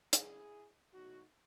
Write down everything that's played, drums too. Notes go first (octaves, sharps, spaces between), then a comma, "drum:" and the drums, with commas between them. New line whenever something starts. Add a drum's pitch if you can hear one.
F#2 C#3 G#3 E4 G#4, drum: hi-hat
E2 B2 F#3 A3 D#4 F#4